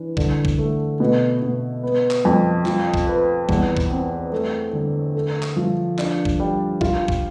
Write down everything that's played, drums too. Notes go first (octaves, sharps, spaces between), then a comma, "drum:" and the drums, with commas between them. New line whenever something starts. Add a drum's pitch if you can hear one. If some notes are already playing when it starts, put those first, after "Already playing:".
Already playing: E3 D4
D3, drum: kick
drum: kick
A3
B2
B2
B3
drum: clap
F2
F3, drum: clap
drum: kick
B4
E2, drum: kick
drum: kick
C4
A3
D3
A4
drum: clap
F3
D4, drum: clap
drum: kick
G3
F4, drum: kick
drum: kick